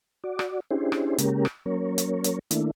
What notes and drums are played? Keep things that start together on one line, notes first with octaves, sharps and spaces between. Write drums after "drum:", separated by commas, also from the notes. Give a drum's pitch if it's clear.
F#4 D5
drum: rim click
C#4 D4 E4 G4 G#4 C5
drum: rim click
C#3 G#3 A#3 C#4 G4 A#4, drum: hi-hat
drum: rim click
F#3 A#3 C#4 A#4 C#5
drum: hi-hat
drum: hi-hat
D#3 A3 A#3 D4 E4, drum: hi-hat